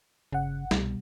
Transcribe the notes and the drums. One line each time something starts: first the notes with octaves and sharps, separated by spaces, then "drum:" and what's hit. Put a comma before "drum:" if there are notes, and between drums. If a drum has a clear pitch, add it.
G1 C#3 F#5
C2 B2 G3, drum: snare